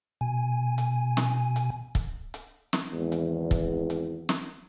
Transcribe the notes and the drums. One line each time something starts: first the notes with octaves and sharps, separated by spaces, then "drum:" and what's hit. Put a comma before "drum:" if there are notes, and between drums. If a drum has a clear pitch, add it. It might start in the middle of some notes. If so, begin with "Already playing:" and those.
B2 G#5
drum: hi-hat
drum: snare
drum: hi-hat
drum: kick, hi-hat
drum: hi-hat
drum: snare
G#1 E2
drum: hi-hat
drum: kick, hi-hat
drum: hi-hat
drum: snare